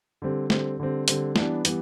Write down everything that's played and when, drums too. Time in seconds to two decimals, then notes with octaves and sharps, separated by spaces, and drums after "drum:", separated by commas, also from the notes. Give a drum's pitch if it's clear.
0.22 D3 G3 C4
0.50 D3 G3 C4, drum: snare
0.79 D3 G3 C4
1.08 D3 G3 C4, drum: hi-hat
1.36 E3 G3 B3 D4, drum: snare
1.65 E3 G3 B3, drum: hi-hat